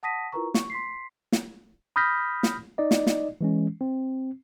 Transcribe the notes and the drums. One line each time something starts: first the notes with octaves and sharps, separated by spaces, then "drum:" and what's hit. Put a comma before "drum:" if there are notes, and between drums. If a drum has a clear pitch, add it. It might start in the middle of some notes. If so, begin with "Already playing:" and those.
F#5 A5 D#6 A#6 B6 D#7
E4 F4 A#4 B4 A#5 C#6
C#6, drum: snare
C6 B6 C7
drum: snare
B5 D#6 F6 G6 A#6 B6
drum: snare
D#4 D5 D#5
drum: snare
drum: snare
E3 G#3 C#4
C4